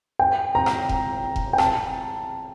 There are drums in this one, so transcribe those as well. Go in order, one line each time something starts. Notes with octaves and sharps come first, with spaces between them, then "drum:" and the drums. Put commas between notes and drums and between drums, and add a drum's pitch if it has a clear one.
G5
A#5
drum: rim click
drum: kick F1
drum: kick F1
G5
A5, drum: rim click